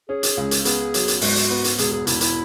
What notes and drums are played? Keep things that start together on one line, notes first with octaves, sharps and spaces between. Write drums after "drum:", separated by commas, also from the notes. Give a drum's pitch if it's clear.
C#4 G#4
drum: hi-hat
C#2
drum: hi-hat
B3 G#4, drum: hi-hat
F#3, drum: hi-hat
drum: hi-hat
G#2 F#4, drum: open hi-hat
drum: hi-hat
B3
drum: hi-hat
E1 G#4, drum: hi-hat
G#4
E1 E4, drum: hi-hat
E4, drum: hi-hat